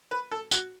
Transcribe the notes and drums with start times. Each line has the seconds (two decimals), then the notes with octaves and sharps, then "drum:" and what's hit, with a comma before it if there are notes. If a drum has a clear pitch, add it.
0.11 B4
0.31 A4
0.51 F#4, drum: tambourine